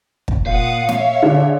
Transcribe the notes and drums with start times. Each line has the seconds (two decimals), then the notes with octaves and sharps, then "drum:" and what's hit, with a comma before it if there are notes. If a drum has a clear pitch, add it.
0.28 drum: kick
0.46 A#2 F5 F#5 D#6
0.89 C#5 E5, drum: snare
1.23 D3 G#4 D5